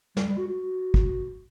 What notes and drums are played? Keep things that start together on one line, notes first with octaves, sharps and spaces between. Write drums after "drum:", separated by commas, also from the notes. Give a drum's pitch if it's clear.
G3, drum: snare
G3
F#4
F#4
drum: kick